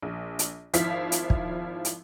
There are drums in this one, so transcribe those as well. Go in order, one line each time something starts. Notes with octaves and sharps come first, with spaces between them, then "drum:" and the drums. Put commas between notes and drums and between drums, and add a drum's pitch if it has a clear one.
A#1
drum: hi-hat
G#1 F3 E4 F5 B6, drum: hi-hat
drum: hi-hat
drum: kick
drum: hi-hat